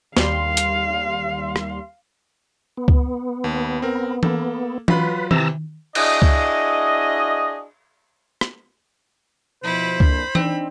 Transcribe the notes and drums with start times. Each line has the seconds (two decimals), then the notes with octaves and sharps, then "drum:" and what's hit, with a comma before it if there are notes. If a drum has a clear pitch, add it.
0.17 D#2 G3 F5 C6, drum: snare
0.57 drum: hi-hat
1.56 drum: rim click
2.77 B3
2.88 drum: kick C#2
3.44 D#2
3.82 C4 A#4
4.23 A#3 A4, drum: tom E3
4.88 F#3 F4 B4 B5, drum: tom E3
5.31 C3 E3 A5 A#5 E6, drum: tom D#3
5.95 D4 E4 F#4 G#4 D#5, drum: cymbal
6.22 drum: kick C#2
8.41 drum: rim click
9.63 B2 F3 E4 B4 C5
10.00 F2 A#3 D4 B5, drum: kick C#2
10.35 C4 D4 D#4, drum: tom E3